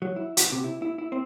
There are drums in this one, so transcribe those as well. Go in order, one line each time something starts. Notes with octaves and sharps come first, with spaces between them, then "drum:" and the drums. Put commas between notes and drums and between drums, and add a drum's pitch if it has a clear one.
F#3
E4
F#4, drum: hi-hat
C3
E4
E4
E4
C4